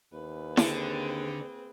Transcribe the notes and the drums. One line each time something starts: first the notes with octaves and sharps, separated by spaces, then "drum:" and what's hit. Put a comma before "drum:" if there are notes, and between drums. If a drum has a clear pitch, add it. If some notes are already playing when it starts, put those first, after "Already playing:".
D#2 A#3 B4
D3 C4 G#4, drum: snare E4